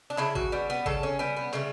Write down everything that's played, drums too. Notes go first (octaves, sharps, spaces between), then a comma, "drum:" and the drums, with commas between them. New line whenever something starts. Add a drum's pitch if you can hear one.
D4
C#3 E4, drum: clap
F#4, drum: kick G#1
G3 B3
B3
C#3 A4, drum: kick G#1
C#4
G3 B3
B3
C#3 A3, drum: clap